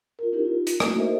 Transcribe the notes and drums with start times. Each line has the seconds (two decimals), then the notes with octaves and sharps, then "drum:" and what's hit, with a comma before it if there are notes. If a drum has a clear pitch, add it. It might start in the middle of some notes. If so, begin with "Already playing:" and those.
0.19 F4 A#4
0.32 C#4 D#4 E4 G4 A#4
0.45 F4
0.67 drum: hi-hat
0.80 A3 A#3 C#4 D#4 E4 F#4, drum: rim click
0.98 A4 A#4 C5 D#5 E5